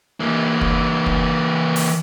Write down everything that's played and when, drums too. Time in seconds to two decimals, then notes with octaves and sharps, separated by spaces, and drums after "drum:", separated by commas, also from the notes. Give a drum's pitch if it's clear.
0.20 E3 A#3
0.61 drum: kick
1.06 drum: kick
1.76 drum: open hi-hat